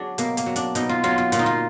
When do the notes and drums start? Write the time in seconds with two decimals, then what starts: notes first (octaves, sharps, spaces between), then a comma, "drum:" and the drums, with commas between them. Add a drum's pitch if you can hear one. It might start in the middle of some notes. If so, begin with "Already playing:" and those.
Already playing: F#3 D4 G#4
0.18 B2 A#3, drum: hi-hat
0.37 A#3, drum: hi-hat
0.46 F#3
0.56 D4, drum: hi-hat
0.75 B2 D#4, drum: hi-hat
0.89 F4
1.03 F#3 F4
1.18 F4
1.32 A#2 F4, drum: hi-hat
1.39 D#4
1.46 F4